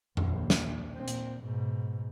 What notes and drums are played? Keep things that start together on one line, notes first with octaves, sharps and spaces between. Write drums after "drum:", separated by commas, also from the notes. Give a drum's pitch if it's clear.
A#1 D#2, drum: tom F2
drum: snare
A#2 C4
drum: hi-hat
G#2 B2